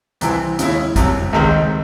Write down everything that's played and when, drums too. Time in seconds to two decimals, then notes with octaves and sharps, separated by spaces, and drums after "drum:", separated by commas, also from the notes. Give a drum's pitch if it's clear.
0.21 C2 C3 E3 C4 E4, drum: hi-hat
0.59 D#2 C#3 G#3 C#4 E4, drum: hi-hat
0.96 C2 C3 F#3, drum: kick G#1, hi-hat
1.33 C#2 C3 D#3 G#3, drum: rim click